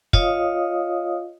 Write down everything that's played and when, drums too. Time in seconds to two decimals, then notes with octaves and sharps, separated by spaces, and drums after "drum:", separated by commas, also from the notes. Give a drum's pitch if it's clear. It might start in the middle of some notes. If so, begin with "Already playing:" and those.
0.13 F4 C#5 D#5 F5 D#6, drum: kick